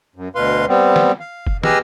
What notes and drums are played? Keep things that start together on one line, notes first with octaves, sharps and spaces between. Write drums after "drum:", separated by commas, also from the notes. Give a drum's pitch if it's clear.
F#2
D2 B2 B4 F5 C6
G3 B3 C4
drum: snare
F5
drum: kick
G4 G#4 B4 D#5 E6 F6, drum: snare